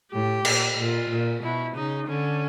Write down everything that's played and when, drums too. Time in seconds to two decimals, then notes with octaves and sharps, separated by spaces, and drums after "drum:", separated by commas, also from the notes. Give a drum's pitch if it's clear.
0.13 A2 G4
0.45 A#2, drum: cymbal
0.78 A#2 F4
1.10 A#2
1.43 B2 E4
1.76 C#3 D#4
2.08 D3 C#4